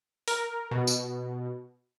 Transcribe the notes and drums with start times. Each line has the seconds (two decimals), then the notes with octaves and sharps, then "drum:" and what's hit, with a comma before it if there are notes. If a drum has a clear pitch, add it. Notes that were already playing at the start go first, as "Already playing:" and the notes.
0.28 A#4, drum: open hi-hat
0.71 B2
0.87 drum: tambourine